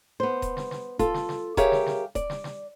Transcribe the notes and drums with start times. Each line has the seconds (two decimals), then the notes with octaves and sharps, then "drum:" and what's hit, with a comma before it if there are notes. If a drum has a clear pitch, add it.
0.20 B3 C5
0.42 drum: kick D#1, hi-hat
0.57 drum: snare
0.71 drum: snare
0.99 F4 A4, drum: kick D#1, hi-hat
1.14 drum: snare
1.29 drum: snare
1.57 G4 G#4 A#4 C#5 E5 F5, drum: kick D#1, hi-hat
1.72 drum: snare
1.86 drum: snare
2.15 D5, drum: kick D#1, hi-hat
2.30 drum: snare
2.44 drum: snare